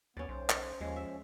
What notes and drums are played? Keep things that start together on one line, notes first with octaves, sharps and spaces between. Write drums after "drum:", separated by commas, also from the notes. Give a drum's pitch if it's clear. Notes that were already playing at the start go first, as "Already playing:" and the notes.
D#2 B3 C#4 D5
B1 C5
drum: clap
D#2 F3 G#3 C#4
E5